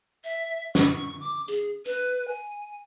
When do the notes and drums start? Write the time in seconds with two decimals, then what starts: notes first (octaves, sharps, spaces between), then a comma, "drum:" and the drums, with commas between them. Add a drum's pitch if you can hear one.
0.24 E5
0.75 C#6, drum: snare
1.20 D6
1.48 G#4, drum: hi-hat
1.86 B4, drum: hi-hat
2.28 G#5